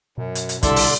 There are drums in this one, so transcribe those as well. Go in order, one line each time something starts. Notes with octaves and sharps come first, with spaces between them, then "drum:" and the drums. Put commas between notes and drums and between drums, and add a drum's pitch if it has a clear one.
F#2 B2
drum: hi-hat
drum: hi-hat
C2 D3 A4 D5 E5 C6, drum: kick, hi-hat
drum: open hi-hat